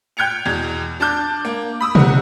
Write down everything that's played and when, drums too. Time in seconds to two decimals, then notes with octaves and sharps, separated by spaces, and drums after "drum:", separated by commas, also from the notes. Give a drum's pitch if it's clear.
0.17 G5 G6 G#6 C#7 F7
0.45 E2 B2 G#6 F7
1.00 D4 A5 D6 G6
1.45 A#3
1.81 B5 D#6 E6
1.95 D#2 C3 F#5, drum: tom B2